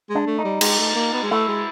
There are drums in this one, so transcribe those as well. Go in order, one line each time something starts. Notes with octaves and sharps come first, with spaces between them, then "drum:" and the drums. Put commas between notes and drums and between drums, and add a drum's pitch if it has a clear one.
G#3
D4
A3
D#4
G3
G#3, drum: cymbal
A3
A#3
B3
G#3
A3 E4
G#3